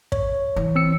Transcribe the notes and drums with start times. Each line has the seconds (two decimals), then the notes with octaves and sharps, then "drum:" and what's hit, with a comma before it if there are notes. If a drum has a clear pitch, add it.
0.12 C#5, drum: kick
0.56 E3
0.76 C4 E6 C#7